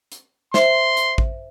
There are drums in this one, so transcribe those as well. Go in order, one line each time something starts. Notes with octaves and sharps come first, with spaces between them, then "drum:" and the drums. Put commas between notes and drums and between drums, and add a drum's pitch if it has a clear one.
drum: hi-hat
C5 E5 C6, drum: snare
drum: hi-hat
drum: kick